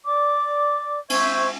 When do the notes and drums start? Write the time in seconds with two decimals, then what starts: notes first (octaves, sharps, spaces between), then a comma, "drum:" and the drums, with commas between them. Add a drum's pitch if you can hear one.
0.05 D5 D6
1.10 C5 E5 C#6 G#6, drum: cymbal